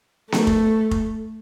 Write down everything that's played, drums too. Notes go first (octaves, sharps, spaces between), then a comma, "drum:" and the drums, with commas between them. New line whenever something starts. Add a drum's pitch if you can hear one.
A3, drum: snare B3
drum: kick F1
drum: kick F1